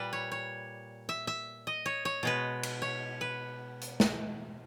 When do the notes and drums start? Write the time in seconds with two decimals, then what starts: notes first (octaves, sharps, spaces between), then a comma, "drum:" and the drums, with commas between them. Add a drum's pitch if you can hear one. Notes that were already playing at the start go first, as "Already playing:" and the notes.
Already playing: A#2 G3 B4
0.13 C#5
0.32 C#5
1.09 E5
1.27 E5
1.67 D#5
1.86 C#5
2.05 C#5
2.23 B2 G#3 B4
2.63 drum: cymbal
2.82 C#5
3.21 B4
3.81 drum: hi-hat
4.00 drum: snare